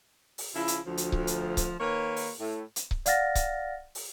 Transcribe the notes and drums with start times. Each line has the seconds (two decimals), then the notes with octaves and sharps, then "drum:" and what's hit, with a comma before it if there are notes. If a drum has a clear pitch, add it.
0.38 drum: open hi-hat
0.55 C#3 F3 E4
0.68 drum: hi-hat
0.86 D2 F3
0.97 drum: hi-hat
1.12 drum: kick C#1
1.27 drum: hi-hat
1.57 drum: kick C#1, hi-hat
1.80 D#3 A#3 B4 C#5
2.16 drum: open hi-hat
2.39 A2
2.76 drum: hi-hat
2.91 drum: kick C#1
3.06 D5 F5 F#5 F6 A6 A#6, drum: hi-hat
3.35 drum: kick C#1, hi-hat
3.95 drum: open hi-hat